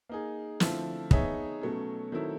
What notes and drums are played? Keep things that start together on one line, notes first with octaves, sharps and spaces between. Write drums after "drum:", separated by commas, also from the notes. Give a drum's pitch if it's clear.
A#3 D#4 G#4
D3 F3 A3 C4 E4, drum: snare
B3 D#4 G#4 C#5 E5, drum: kick
B2 F#3 A3 C#4
D#3 F#3 A3 C4 E4